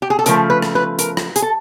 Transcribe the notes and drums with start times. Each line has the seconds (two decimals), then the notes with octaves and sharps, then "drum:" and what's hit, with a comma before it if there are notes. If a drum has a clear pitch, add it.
0.02 G4
0.10 G#4
0.19 A4
0.26 C#3 F3 A3 A#4, drum: hi-hat
0.50 B4
0.62 drum: rim click
0.75 B4
0.99 A#4, drum: hi-hat
1.17 drum: rim click
1.36 G#4, drum: hi-hat
1.42 A4